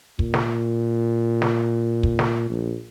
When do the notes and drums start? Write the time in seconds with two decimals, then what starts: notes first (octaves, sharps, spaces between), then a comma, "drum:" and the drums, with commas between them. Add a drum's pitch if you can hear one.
0.19 A#2, drum: kick
0.34 drum: snare
1.42 drum: snare
2.03 drum: kick
2.19 drum: snare
2.50 A#1